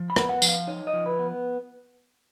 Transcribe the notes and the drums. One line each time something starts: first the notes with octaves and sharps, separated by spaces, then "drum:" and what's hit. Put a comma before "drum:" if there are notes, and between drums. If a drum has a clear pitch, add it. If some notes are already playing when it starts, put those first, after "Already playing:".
Already playing: F3
B5
B3, drum: rim click
F#5
F3, drum: tambourine
F5
D#4 C#5
D#5
F3
B4
B3